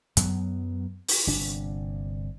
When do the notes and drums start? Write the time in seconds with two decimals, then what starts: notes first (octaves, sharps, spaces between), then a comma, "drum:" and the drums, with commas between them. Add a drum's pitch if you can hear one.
0.17 F#2 F#3 A#3 B3, drum: hi-hat
1.08 drum: open hi-hat
1.27 G1 C3 D4